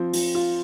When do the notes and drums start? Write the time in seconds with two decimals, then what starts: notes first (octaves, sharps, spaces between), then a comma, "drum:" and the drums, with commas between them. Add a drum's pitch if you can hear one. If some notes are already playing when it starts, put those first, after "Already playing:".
Already playing: F3 C4
0.13 F3, drum: open hi-hat
0.35 F4